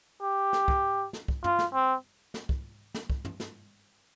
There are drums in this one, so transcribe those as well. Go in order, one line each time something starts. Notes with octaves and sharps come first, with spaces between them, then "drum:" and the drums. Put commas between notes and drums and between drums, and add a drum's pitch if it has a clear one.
G4
drum: snare
drum: kick
drum: snare
drum: kick
F4, drum: tom
drum: snare
C4
drum: snare
drum: kick
drum: snare
drum: kick
drum: tom
drum: snare